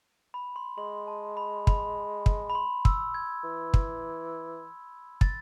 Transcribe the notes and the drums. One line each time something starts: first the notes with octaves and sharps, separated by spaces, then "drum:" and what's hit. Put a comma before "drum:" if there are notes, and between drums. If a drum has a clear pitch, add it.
B5
C6
G#3 C6
A5
B5
B5, drum: kick
drum: kick
B5
C6
E6, drum: kick
G#6
E3
drum: kick
A6, drum: kick